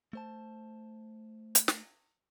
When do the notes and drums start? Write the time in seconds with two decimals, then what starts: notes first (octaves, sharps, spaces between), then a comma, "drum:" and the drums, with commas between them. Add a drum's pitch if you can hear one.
0.13 A3 C5 A5
1.55 drum: hi-hat
1.68 drum: snare